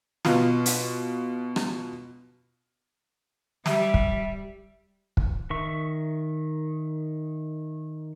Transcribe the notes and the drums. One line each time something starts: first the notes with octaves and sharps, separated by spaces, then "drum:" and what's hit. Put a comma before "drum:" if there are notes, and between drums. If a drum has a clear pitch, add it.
B2 F4, drum: snare
drum: hi-hat
drum: rim click
G3 E5, drum: snare
drum: kick
drum: kick
D#3 E5 C#6